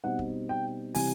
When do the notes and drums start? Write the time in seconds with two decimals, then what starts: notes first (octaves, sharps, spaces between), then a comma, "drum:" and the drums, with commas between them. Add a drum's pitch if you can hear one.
0.04 B2 G3 C4 D#4 F#5
0.19 drum: kick
0.49 G5
0.95 C3 E3 G3 G#5, drum: open hi-hat